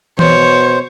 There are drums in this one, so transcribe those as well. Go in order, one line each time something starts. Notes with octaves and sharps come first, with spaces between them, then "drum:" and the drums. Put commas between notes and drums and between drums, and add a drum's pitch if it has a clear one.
B2 C5 C#5, drum: tom E3